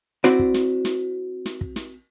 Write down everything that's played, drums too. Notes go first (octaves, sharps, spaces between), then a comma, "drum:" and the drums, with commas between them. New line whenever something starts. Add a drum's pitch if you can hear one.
C4 E4 F#4 C5 D5, drum: snare
drum: kick
drum: snare
drum: snare
drum: snare
drum: kick
drum: snare